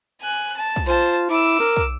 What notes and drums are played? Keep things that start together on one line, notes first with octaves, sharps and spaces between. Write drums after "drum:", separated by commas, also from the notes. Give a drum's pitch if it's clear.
G#5 F#6
A5
drum: kick
F4 C5 A5
E4 D6 E6
A#4, drum: snare
drum: kick